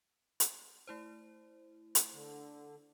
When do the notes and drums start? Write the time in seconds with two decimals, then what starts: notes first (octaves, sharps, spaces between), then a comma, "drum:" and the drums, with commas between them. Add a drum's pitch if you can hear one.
0.40 drum: hi-hat
0.87 A3 E4 C5
1.95 drum: hi-hat
2.13 D3